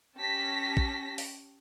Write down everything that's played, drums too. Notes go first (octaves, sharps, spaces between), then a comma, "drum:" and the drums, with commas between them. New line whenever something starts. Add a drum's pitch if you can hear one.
C#4 G4 A5 A#6 B6
drum: kick
drum: open hi-hat